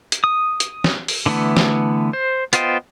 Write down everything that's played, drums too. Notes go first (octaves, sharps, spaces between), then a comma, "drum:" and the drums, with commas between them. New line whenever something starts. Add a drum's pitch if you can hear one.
drum: hi-hat
D#6
drum: hi-hat
drum: snare
drum: open hi-hat
D3 E3 A3 B3
drum: snare
C5
B3 F4 C5 D#5 G5, drum: hi-hat